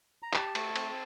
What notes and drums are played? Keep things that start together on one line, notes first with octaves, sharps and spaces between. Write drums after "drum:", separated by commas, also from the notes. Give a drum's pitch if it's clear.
A#5
G4 A5, drum: clap
A3, drum: cymbal
C4, drum: cymbal